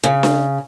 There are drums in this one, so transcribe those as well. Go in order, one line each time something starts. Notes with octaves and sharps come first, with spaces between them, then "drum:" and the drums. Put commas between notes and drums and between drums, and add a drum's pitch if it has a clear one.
C#3
drum: snare D4